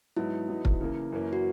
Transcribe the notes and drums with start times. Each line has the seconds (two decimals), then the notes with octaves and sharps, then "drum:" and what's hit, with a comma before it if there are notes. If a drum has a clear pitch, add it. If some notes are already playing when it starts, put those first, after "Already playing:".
0.16 G#2 F#3 B3 D#4 E4
0.49 F#3 B3 D#4
0.65 drum: kick
0.81 C#3 E3 A#3
1.12 F#2 E3 A#3 C#4
1.33 F#4